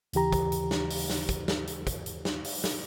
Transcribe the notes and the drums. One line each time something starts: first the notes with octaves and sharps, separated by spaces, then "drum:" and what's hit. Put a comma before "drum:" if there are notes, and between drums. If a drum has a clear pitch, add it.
D#2 C#3 E3 G4 A#5, drum: hi-hat
drum: kick, hi-hat
drum: hi-hat
drum: snare
drum: open hi-hat
drum: snare
drum: kick, hi-hat
drum: snare
drum: hi-hat
drum: kick, hi-hat
drum: hi-hat
drum: snare
drum: open hi-hat
drum: snare